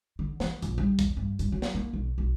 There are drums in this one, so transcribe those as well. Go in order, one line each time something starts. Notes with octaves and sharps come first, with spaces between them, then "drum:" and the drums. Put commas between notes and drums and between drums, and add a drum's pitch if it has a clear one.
D3
E3, drum: snare
A#1, drum: hi-hat
G3
E2, drum: kick, hi-hat
G2
G2, drum: hi-hat
F#3
drum: snare
A#3
B1
B1